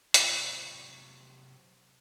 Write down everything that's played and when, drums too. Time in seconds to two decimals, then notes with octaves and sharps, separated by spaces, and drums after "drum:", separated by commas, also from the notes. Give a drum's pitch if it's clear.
0.14 C3 F#3 F4 A#5 C#6, drum: hi-hat